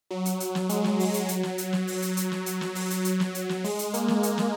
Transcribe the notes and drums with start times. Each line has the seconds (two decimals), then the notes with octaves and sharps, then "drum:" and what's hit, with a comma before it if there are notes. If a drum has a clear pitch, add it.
0.11 F#3
0.25 drum: hi-hat
0.40 drum: hi-hat
0.55 drum: snare
0.69 G#3, drum: hi-hat
0.84 drum: snare
1.00 F#3, drum: open hi-hat
1.14 drum: hi-hat
1.29 drum: hi-hat
1.43 drum: snare
1.58 drum: hi-hat
1.73 drum: snare
1.87 drum: open hi-hat
2.02 drum: hi-hat
2.17 drum: hi-hat
2.32 drum: snare
2.46 F#3, drum: hi-hat
2.61 drum: snare
2.75 F#3, drum: open hi-hat
2.90 drum: hi-hat
3.05 F#3, drum: hi-hat
3.20 drum: snare
3.35 drum: hi-hat
3.49 drum: snare
3.64 G#3, drum: open hi-hat
3.79 drum: hi-hat
3.94 A#3, drum: hi-hat
4.08 drum: snare
4.23 A#3, drum: hi-hat
4.38 drum: snare